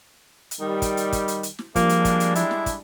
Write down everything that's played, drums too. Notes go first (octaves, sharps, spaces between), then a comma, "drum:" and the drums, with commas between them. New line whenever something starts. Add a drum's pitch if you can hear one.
drum: hi-hat
D#3 G3
drum: kick, hi-hat
drum: hi-hat
drum: kick, hi-hat
drum: hi-hat
drum: hi-hat
drum: snare
F3 G3 G#3 A#3 D4, drum: kick, hi-hat
drum: hi-hat
drum: kick, hi-hat
drum: hi-hat
E4, drum: hi-hat
drum: snare
drum: kick, hi-hat